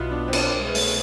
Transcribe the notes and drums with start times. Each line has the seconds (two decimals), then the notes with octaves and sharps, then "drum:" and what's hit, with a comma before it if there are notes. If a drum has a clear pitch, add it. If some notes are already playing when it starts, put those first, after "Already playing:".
Already playing: B1 B2 B3 E4 F4
0.11 D4
0.28 C4
0.33 D4, drum: cymbal
0.54 C2 B2 G#3 C4
0.67 B3
0.75 A3, drum: open hi-hat